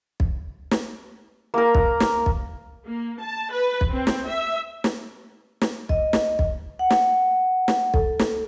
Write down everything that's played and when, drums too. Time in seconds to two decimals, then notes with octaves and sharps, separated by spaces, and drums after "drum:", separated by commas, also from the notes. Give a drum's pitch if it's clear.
0.20 drum: kick
0.71 drum: snare
1.54 A#3 A#4
1.75 drum: kick
2.00 drum: snare
2.26 drum: kick
2.86 A#3
3.22 A5
3.52 B4
3.81 drum: kick
3.91 C4
4.07 drum: snare
4.27 E5
4.84 drum: snare
5.61 drum: snare
5.89 D#5, drum: kick
6.13 drum: snare
6.39 drum: kick
6.79 F#5
6.90 drum: snare
7.68 drum: snare
7.94 A4, drum: kick
8.19 drum: snare